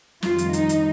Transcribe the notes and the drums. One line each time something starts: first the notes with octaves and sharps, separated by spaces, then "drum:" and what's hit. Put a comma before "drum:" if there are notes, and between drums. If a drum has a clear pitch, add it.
F2 D#3 G3 F4, drum: snare
drum: hi-hat
D#4, drum: hi-hat
drum: hi-hat